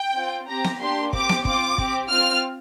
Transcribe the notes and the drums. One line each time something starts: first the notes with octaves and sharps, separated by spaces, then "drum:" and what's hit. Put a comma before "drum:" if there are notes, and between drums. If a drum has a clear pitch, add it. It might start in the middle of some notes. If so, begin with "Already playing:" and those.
Already playing: G5
C4 F4
C4 G4 A#5
drum: snare B3
A#3 D4 G4 C6
C4 G4 D6, drum: kick
drum: snare B3
C4 F4 D6, drum: kick
C4 G4, drum: kick
C4 F4 F6